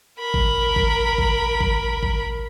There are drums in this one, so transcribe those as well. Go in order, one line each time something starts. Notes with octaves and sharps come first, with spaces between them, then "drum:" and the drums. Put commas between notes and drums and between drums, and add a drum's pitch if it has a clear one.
A#4 B5
drum: kick G#1
drum: kick G#1
drum: kick G#1
drum: kick G#1
drum: kick G#1